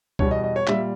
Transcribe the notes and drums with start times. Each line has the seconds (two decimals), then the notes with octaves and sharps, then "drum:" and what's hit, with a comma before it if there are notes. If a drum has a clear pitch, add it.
0.19 E2 B2 G3 C#5, drum: kick C#2
0.31 D#5
0.44 D#5
0.56 C#5
0.67 A#2 G3 E5, drum: clap